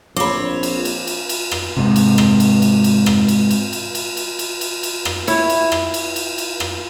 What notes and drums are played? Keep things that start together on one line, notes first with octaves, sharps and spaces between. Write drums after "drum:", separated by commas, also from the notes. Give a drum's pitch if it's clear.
A#1 C4 C#5 B5 D6
drum: cymbal
drum: cymbal
drum: cymbal
drum: cymbal
drum: rim click
G#2 C3
drum: cymbal
drum: rim click
drum: cymbal
drum: cymbal
drum: cymbal
drum: rim click
drum: cymbal
drum: cymbal
drum: cymbal
drum: cymbal
drum: cymbal
drum: cymbal
drum: cymbal
drum: cymbal
drum: rim click
E4 C#5, drum: cymbal
drum: cymbal
drum: rim click
drum: cymbal
drum: cymbal
drum: cymbal
drum: rim click